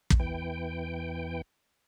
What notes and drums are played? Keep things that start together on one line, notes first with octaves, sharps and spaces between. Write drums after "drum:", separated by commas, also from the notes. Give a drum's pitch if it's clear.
drum: kick
E2 E3 G5